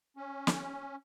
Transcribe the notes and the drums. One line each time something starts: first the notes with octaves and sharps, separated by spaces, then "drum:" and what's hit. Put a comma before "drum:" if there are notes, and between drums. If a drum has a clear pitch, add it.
C#4
drum: snare